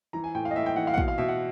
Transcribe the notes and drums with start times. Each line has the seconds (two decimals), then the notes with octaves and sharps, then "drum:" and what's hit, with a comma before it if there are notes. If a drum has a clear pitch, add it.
0.13 E3 A#5
0.24 G#5
0.35 A2 G5
0.45 F5
0.51 D#5
0.56 A2 E5
0.66 G5
0.76 E3 F#5
0.87 F5
0.94 F#5
0.98 B2 F5, drum: kick
1.08 F5
1.18 B2 E5
1.28 F#5